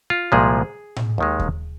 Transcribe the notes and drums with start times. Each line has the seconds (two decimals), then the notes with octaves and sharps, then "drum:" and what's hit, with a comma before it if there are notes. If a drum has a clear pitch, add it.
0.10 F4
0.32 C2 A#2 F3 G#3 G#4
0.97 drum: tom A2
1.18 D#2 D#3 G#3
1.39 drum: kick D#2